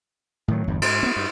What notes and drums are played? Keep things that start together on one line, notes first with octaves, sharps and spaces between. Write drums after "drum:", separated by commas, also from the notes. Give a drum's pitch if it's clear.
A2 D#3 F#3
G1 E2 G2
G#2, drum: cymbal
B3 C4
G2